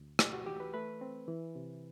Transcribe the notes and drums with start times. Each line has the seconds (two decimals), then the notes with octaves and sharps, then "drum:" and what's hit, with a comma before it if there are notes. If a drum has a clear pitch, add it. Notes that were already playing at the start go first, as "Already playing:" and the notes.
Already playing: D2
0.19 A3 G4, drum: rim click
0.33 F#4
0.46 E3 G4
0.60 B4
0.74 A3 B4
1.01 C4
1.28 E3
1.55 C3